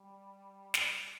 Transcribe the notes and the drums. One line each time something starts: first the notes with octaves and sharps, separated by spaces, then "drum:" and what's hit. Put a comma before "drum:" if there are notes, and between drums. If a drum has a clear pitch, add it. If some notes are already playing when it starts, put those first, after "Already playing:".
Already playing: G3
drum: snare